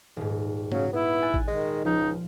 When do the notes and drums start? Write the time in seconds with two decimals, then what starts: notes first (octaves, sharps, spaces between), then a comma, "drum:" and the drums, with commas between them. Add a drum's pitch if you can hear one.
0.17 D#1 G#2
0.72 C#3 F#3, drum: tom
0.93 B3 E4
1.22 G#5 F#6 A6
1.34 drum: kick A1
1.48 D#3 G#3
1.85 C#2 F3 D#4